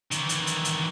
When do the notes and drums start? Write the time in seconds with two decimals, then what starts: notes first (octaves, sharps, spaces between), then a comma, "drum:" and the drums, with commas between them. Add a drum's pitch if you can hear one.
0.11 D#3 E3, drum: hi-hat
0.29 drum: hi-hat
0.47 drum: hi-hat
0.65 drum: hi-hat